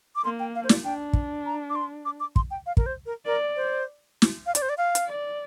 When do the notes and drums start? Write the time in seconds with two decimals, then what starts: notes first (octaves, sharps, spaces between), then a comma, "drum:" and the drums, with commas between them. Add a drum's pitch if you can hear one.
0.16 D6
0.24 A#3 C6
0.39 G5
0.55 F5
0.64 C5
0.69 D5, drum: snare
0.84 D4 G5
1.13 drum: kick
1.46 A#5
1.70 D6
1.75 C6
2.05 D6
2.20 D6
2.36 C6, drum: kick
2.51 G5
2.66 F5
2.77 A#4, drum: kick
2.86 C5
3.06 A#4
3.26 A#4 D5
3.56 C5
4.22 drum: snare
4.46 F5
4.55 D5, drum: hi-hat
4.62 C5
4.69 D5
4.78 F5
4.95 drum: hi-hat
5.07 D5